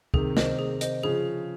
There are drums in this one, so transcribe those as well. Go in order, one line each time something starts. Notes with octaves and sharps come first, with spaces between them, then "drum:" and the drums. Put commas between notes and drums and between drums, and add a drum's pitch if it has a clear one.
C3 D#3 G#4, drum: kick
C5 D#5, drum: snare
G#4
C5 D#5, drum: hi-hat
C#3 F3 G#4